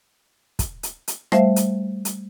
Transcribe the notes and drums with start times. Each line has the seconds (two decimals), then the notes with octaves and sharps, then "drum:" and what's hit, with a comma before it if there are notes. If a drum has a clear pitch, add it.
0.59 drum: kick, hi-hat
0.83 drum: hi-hat
1.08 drum: hi-hat
1.32 G3 A3 C5 E5 F5, drum: rim click
1.56 drum: hi-hat
2.05 drum: hi-hat